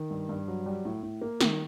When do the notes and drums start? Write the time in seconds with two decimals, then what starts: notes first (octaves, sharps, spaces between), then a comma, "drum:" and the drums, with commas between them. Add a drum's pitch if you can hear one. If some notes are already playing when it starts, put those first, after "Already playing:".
Already playing: D#3
0.11 G2
0.29 G2
0.48 F#3
0.66 G3
0.85 A2
1.03 A2
1.21 A#3
1.41 D#3, drum: snare